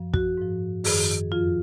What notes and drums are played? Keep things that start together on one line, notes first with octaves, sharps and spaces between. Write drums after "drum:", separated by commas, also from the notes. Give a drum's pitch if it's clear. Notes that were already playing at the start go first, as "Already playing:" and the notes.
Already playing: F#2 F3
F#4, drum: kick
G#2 F3
F#2 D#3 G#4, drum: open hi-hat
F2 F3 F4